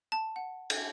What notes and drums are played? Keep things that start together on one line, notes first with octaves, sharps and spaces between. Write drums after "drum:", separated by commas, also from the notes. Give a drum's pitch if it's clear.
A5
F#5
drum: cymbal